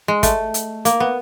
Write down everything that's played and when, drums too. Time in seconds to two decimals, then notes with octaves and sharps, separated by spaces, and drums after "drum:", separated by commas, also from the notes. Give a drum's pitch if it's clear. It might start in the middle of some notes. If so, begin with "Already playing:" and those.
0.08 G#3
0.23 A3, drum: kick, hi-hat
0.54 drum: hi-hat
0.85 A#3, drum: hi-hat
1.00 B3